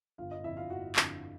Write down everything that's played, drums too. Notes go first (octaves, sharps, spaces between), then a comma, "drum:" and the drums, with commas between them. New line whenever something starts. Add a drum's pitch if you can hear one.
G1 F4 F5
D#5
F2 D3 E4 E5
F4 F5
G1 F#4 F#5
F2 D3, drum: clap